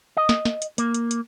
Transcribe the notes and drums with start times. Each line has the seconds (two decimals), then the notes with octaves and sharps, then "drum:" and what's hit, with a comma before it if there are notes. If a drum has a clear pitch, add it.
0.17 D#5
0.29 drum: snare
0.45 drum: snare
0.62 drum: hi-hat
0.78 A#3, drum: hi-hat
0.94 drum: hi-hat
1.11 drum: hi-hat